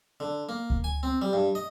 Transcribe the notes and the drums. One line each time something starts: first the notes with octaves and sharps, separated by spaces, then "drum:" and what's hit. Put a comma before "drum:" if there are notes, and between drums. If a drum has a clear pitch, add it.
D3
A#3
drum: kick D2
G#5
C4
G3
G2
D#5